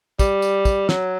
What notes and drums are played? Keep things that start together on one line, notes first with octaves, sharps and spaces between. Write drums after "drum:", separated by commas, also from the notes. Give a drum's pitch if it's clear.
G3, drum: kick, tambourine
drum: tambourine
drum: kick, tambourine
F#3, drum: snare